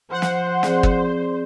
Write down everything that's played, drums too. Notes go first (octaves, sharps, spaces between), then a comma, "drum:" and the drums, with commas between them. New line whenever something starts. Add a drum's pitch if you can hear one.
F3 C5 F#5
drum: snare
C4 G#4 D5, drum: snare
drum: kick